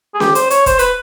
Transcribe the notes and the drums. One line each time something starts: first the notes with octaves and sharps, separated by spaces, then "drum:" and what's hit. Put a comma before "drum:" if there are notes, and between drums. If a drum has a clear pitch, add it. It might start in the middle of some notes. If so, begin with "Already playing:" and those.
G#4
G4, drum: snare C#4
C5, drum: hi-hat
C#5, drum: hi-hat
C5, drum: kick, hi-hat
B4, drum: hi-hat